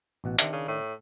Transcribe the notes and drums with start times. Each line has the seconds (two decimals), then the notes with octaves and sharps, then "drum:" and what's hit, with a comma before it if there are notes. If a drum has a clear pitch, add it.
0.24 A1 B2 F#5
0.38 C3 D#3 D4, drum: hi-hat
0.53 C#3
0.68 A2